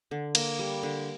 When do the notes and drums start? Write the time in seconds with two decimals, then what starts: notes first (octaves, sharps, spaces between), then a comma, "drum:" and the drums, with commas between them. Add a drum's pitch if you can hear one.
0.11 D3
0.35 A#3, drum: cymbal
0.59 G3
0.83 D3